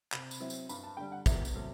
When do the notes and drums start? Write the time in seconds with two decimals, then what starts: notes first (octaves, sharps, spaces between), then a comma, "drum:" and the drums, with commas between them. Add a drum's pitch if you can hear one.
0.12 C3 B5, drum: clap
0.31 drum: tambourine
0.40 F#3 C4 E4
0.50 drum: tambourine
0.69 G2 B5, drum: tambourine
0.83 A5
0.97 D3 G3 G5
1.12 F#5
1.26 E2 E5, drum: kick, tambourine
1.45 drum: tambourine
1.54 C3 F#3 A3